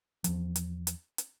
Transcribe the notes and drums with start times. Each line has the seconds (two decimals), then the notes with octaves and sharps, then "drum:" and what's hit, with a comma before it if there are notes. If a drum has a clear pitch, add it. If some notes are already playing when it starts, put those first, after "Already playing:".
0.24 E2 F3, drum: hi-hat
0.56 drum: hi-hat
0.87 drum: hi-hat
1.18 drum: hi-hat